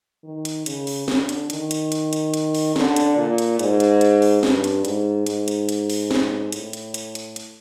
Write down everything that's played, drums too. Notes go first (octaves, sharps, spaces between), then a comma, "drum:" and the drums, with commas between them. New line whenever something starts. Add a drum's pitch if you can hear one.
D#3
drum: hi-hat
C#3, drum: hi-hat
drum: open hi-hat
D3, drum: snare
drum: hi-hat
D#3, drum: hi-hat
drum: hi-hat
drum: hi-hat
drum: hi-hat
drum: hi-hat
drum: open hi-hat
D3, drum: snare
drum: hi-hat
A#2
drum: hi-hat
G#2, drum: hi-hat
drum: hi-hat
drum: hi-hat
drum: open hi-hat
G2, drum: snare
drum: hi-hat
G#2, drum: hi-hat
G#2, drum: hi-hat
drum: hi-hat
drum: hi-hat
drum: open hi-hat
drum: snare
A2, drum: hi-hat
drum: hi-hat
drum: hi-hat
drum: hi-hat
drum: hi-hat